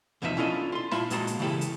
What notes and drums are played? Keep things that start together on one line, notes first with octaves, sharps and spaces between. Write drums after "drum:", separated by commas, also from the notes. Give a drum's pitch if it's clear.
E2 B2 F3 D#4 A4 E5
C#4 D4 E4 F4 A4 D#5
F4 C6
A#2 E4 F4 E5 A5 B5, drum: snare
A#2 G#3 A#3 F#4 A5 A#5, drum: hi-hat
drum: hi-hat
C#3 E3 G#3 E4 G4 A4
drum: hi-hat